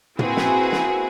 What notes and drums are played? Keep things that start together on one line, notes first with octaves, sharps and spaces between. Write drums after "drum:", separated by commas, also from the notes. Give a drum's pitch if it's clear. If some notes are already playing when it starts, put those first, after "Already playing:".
A#3 C4 E4 F#4 G#4 B4, drum: tom
drum: snare
drum: snare